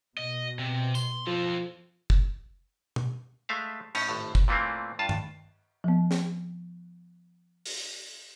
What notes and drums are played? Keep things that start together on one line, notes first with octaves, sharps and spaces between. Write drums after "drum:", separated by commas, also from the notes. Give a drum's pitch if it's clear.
B2 D#5
C3
C6, drum: tambourine
F3 F4 A4
drum: kick
drum: tom
G#3 A3 E5 F5
A2 C#4 D#4 A#5, drum: cymbal
G#1 A2
drum: kick
A#2 E3 A3 A#3 C4
G2 F4 A5
drum: tom G2
F3 B3
drum: snare
drum: open hi-hat